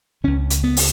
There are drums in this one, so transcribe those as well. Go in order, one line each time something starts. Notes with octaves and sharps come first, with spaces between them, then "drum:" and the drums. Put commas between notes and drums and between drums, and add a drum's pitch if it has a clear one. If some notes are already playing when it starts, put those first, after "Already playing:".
C#2 C#3 C#4
drum: hi-hat
B3
drum: open hi-hat